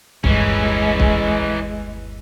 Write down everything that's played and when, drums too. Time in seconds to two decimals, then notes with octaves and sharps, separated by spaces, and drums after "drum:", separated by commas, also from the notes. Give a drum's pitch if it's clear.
0.24 G1 D#2 E3 G#3 C#4, drum: kick
1.00 drum: kick